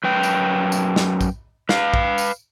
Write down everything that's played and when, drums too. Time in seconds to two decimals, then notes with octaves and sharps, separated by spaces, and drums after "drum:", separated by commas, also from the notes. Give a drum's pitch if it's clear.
0.04 F#2 B4 G5
0.23 drum: tambourine
0.72 drum: tambourine
0.96 drum: snare
1.21 drum: kick, tambourine
1.69 B4 F5, drum: snare
1.94 drum: kick
2.18 drum: tambourine